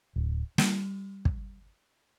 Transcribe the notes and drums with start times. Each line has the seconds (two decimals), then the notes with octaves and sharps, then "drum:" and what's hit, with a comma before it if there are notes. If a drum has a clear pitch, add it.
0.16 D1
0.58 G3, drum: snare
1.25 drum: kick